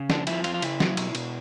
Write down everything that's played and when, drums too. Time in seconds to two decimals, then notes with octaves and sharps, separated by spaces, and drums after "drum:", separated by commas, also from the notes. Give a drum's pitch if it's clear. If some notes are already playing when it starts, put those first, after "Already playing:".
Already playing: C#3
0.10 F2 D4, drum: snare
0.27 F3 E4, drum: cymbal
0.44 F2 F4, drum: cymbal
0.54 F4
0.62 C#3 E4, drum: cymbal
0.80 F#3, drum: snare
0.97 B2, drum: cymbal
1.15 B2, drum: cymbal